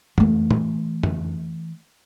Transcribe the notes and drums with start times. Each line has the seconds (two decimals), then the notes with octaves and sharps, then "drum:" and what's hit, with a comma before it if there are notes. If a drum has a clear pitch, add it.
0.18 E3 A3, drum: tom
0.51 drum: tom A2
1.03 drum: tom